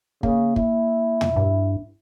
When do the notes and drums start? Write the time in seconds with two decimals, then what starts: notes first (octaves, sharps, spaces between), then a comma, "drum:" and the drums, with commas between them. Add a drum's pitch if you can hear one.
0.23 C#3 A#3, drum: kick
0.56 E4, drum: kick
1.21 drum: tom
1.36 G2